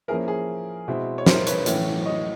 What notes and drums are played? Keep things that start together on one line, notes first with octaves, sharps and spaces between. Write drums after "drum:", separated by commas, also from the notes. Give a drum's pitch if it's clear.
F3 A#3 C#4 E4 G#4 A#4
G#4
B2 G#3 C4 E4
C#5
A#4 C5, drum: snare
B4 C#5, drum: hi-hat
A2 E3 A3 C#4, drum: hi-hat
C#5 D#5